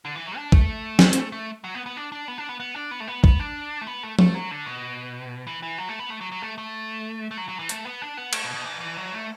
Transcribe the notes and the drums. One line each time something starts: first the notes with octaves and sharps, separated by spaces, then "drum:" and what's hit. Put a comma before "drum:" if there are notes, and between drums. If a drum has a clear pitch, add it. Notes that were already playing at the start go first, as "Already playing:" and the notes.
D3
E3
F#3
D4
A3, drum: kick
drum: snare
drum: hi-hat
A3
F#3
B3
B3
D4
D4
B3
D4
B3
B3
D4
B3
A3
B3
B3, drum: kick
D4
A3
B3
A3
A3, drum: tom F3
F#3
D3
B2
E3
E3
F#3
A3
B3
A3
F#3
F#3
A3
A3
A3
F#3
F#3
E3
A3, drum: hi-hat
B3
D4
B3
A3, drum: cymbal
B2
B2
E3
E3
F#3
A3